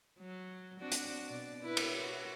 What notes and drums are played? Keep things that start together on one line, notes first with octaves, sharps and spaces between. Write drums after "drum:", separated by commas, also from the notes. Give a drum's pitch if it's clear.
F#3
C4 D4 F#4
drum: hi-hat
B2 D5
E4 B4
drum: cymbal
F#4